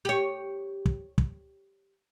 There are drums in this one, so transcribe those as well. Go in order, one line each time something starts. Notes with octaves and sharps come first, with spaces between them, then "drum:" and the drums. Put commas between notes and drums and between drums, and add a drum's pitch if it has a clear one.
G4 C#5
drum: kick
drum: kick